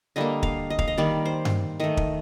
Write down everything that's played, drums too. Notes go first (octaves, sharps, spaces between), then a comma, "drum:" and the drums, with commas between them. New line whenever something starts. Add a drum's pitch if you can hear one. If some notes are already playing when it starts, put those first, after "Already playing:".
D3 G3 A#3 D#5
F5, drum: kick
D#5
F5, drum: kick
D#5
D#3 G3 A#3 D5
C5
drum: tom G2
D#3 A3 D#5
drum: kick